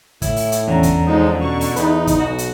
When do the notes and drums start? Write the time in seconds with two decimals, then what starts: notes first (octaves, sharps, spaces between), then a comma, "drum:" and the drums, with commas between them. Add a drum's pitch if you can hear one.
0.22 A2 E4, drum: kick, hi-hat
0.36 drum: open hi-hat
0.52 drum: hi-hat
0.67 E2 D3 C#4 A#5
0.83 drum: kick, hi-hat
1.06 F3 G#3 D#4
1.41 B2 C#6
1.61 drum: open hi-hat
1.76 E2 D#4 B4, drum: hi-hat
2.07 drum: kick, hi-hat
2.19 B1 F#4
2.38 drum: hi-hat